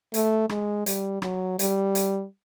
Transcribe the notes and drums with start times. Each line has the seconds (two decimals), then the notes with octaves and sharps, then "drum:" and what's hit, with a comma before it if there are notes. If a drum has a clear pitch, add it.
0.14 A3, drum: hi-hat
0.49 G#3, drum: rim click
0.86 G3, drum: hi-hat
1.22 F#3, drum: rim click
1.59 G3, drum: hi-hat
1.95 drum: hi-hat